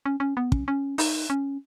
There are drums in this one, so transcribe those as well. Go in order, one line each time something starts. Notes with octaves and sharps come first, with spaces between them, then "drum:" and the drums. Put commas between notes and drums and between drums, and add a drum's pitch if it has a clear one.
C#4
C#4
B3
C#4, drum: kick
C#4
D#4, drum: open hi-hat
C#4